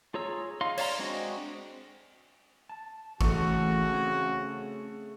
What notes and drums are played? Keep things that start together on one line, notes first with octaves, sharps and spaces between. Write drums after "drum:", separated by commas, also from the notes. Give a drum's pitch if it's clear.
F4 G#4 C#5 A#5 E6
D#4 F5 C6
C#5 D5 F5 A#5 C6, drum: cymbal
G#3 C4 D4 F#4 D#5
A5
A2 C#3 E3 A3 F#4 C#6, drum: kick G#1
C4 G#4